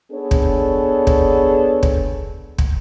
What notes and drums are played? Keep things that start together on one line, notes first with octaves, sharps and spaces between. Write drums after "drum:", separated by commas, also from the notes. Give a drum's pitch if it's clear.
B3 D4 G#4 A4 C#5
drum: kick
drum: kick
drum: kick
drum: kick